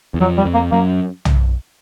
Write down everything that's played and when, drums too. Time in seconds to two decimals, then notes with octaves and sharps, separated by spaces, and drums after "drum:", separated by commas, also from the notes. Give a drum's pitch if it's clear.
0.14 E2
0.20 F2 F#3
0.38 G3
0.45 F2
0.54 A#3
0.72 F#2 A#3
1.25 drum: tom